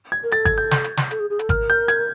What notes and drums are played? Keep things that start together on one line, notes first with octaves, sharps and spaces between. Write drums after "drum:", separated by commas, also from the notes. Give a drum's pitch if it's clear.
G#6
A#4
A4 A6, drum: hi-hat
G#6, drum: kick G#1, hi-hat
G6
G6, drum: snare
drum: hi-hat
drum: snare
A4, drum: hi-hat
G#4
G#4
A4, drum: hi-hat
A#4 F6, drum: kick G#1, hi-hat
G6
G#6, drum: hi-hat